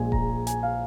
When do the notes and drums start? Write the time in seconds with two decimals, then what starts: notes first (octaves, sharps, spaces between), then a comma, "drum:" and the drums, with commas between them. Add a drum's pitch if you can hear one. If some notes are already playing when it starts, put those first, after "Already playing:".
Already playing: A#1 A#2 G#3 G#5
0.12 A#5, drum: kick E1
0.47 G#5, drum: hi-hat
0.63 F5